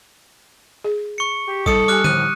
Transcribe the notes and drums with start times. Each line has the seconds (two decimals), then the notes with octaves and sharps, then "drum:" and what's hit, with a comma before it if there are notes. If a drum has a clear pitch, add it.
0.84 G#4
1.18 C#6 C#7
1.47 G4
1.66 G3 D#4 A4 D#6 C#7, drum: kick
1.88 G3 G4 G#5 D6 F6 F#6
2.04 D#2 A2 F3 F#6 D#7, drum: tom D3